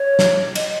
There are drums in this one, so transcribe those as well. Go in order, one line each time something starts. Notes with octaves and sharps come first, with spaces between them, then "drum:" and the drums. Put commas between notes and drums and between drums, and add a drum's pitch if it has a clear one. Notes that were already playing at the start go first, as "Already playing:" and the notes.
Already playing: C#5
drum: snare
D#5, drum: cymbal